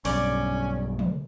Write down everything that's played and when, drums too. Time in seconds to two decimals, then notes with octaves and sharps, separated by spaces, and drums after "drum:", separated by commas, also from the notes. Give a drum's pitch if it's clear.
0.05 B1 G2 C#4 D5, drum: open hi-hat
0.99 drum: tom